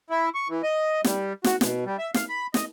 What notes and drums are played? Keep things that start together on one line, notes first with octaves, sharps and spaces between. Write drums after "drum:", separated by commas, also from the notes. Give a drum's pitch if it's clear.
E4
C#6
E3
D#5
G3, drum: snare
F#4, drum: snare
B2, drum: snare
G3
E5
F5, drum: snare
B5
D#5, drum: snare